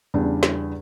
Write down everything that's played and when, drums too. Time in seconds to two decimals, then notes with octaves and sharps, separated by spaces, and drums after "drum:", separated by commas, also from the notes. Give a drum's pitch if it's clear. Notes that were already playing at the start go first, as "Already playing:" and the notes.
0.14 E2 C#3 G3 D4
0.43 drum: snare